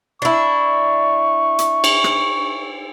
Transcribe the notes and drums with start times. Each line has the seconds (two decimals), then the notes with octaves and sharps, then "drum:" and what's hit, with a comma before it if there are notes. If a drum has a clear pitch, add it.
0.22 D4 E4 C#6
1.59 drum: hi-hat
1.84 drum: cymbal
2.04 drum: rim click